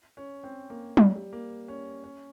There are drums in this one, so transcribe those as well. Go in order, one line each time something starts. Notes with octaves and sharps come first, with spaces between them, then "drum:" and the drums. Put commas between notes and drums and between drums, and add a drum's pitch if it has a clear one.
C#4
C4
A#3
G3, drum: tom F#3
G3
A#3
C#4
C#4